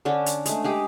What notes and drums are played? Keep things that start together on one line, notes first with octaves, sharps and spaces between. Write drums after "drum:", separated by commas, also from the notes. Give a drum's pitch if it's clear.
D3 C#4 D4 C#5
drum: hi-hat
G#3 A3, drum: hi-hat
G#3 G4 G#4